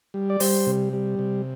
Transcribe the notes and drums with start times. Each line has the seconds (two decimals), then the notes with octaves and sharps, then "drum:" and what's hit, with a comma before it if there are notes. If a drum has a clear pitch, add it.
0.14 G3
0.30 D5
0.40 G3 C5, drum: open hi-hat
0.67 C3
0.93 G3
1.19 C3